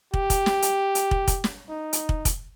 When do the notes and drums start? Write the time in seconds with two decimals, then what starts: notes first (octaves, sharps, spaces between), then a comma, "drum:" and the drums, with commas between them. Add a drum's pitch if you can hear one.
0.14 G4, drum: kick
0.30 drum: kick, hi-hat
0.46 drum: snare
0.62 drum: hi-hat
0.95 drum: hi-hat
1.11 drum: kick
1.28 drum: kick, hi-hat
1.44 drum: snare
1.69 D#4
1.93 drum: hi-hat
2.09 drum: kick
2.25 drum: kick, hi-hat